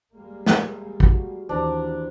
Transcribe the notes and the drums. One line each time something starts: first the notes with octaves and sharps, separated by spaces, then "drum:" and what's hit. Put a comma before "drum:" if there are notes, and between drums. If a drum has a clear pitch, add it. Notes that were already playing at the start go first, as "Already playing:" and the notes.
G3 G#3 A#3
drum: snare
F#4, drum: kick
D#2 E3 D4 C5 D5 A#5